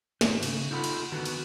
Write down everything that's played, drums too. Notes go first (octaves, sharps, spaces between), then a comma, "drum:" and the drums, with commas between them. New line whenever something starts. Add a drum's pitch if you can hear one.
G#2 D#3, drum: snare
C#3, drum: cymbal
D#4 F4 A4 F#5 B5
drum: cymbal
D3 D#3 B3 F#4
drum: cymbal